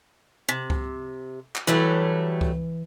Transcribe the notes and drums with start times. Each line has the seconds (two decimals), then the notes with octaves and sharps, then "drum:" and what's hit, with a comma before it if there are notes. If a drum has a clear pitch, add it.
0.49 C3
0.70 drum: kick C#2
1.55 drum: clap
1.67 E3 F#3 G3 A3
2.41 drum: kick C#2